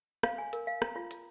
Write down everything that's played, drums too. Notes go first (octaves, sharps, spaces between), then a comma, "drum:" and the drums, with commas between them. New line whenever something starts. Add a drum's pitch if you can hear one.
F5, drum: rim click
G#5
A#4, drum: hi-hat
F5
A#5, drum: rim click
F4
F4, drum: hi-hat